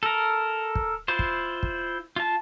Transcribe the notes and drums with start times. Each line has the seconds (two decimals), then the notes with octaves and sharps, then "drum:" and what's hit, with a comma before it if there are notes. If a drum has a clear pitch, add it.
0.03 A4 A#4
0.75 drum: kick
1.08 E4 F4 C5
1.19 drum: kick
1.63 drum: kick
2.16 F4 A5